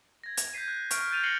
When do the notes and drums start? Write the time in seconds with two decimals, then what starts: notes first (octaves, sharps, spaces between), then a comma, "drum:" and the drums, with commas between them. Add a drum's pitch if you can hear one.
0.24 G#6 A#6
0.37 drum: hi-hat
0.53 G6 G#6 B6 C7 D#7
0.68 F#6
0.91 C#6 F6 D7, drum: hi-hat
1.11 G6 A6 D#7 F7
1.23 F#6 A#6 C7 C#7 F#7 G7